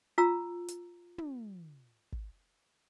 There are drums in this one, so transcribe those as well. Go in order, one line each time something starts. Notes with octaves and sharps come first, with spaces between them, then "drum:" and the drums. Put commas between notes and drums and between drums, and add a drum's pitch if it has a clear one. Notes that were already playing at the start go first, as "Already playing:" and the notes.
F4 A#5 E6
drum: hi-hat
drum: tom
drum: kick